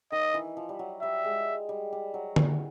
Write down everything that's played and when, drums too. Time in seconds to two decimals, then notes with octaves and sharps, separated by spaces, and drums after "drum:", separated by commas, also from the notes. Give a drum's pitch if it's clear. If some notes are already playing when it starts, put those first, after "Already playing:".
0.12 D#3 D#5
0.34 E3
0.57 F3
0.69 G3
0.79 F#3
1.02 G3 E5
1.24 G#3
1.69 G3
1.93 G3
2.14 F#3
2.36 E3, drum: tom D3